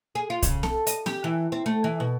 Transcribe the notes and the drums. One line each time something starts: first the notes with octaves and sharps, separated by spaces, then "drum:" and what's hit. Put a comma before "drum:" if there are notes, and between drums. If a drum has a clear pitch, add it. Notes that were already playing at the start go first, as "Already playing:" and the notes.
G#4
F4
C#3, drum: kick B1, hi-hat
A4, drum: snare
D#5, drum: hi-hat
G4, drum: snare
E3
C4
A3
E3
B2